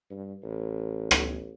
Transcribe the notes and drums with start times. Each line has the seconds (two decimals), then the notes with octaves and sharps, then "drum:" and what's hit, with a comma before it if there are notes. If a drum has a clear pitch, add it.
0.10 G2
0.43 A1
1.11 drum: rim click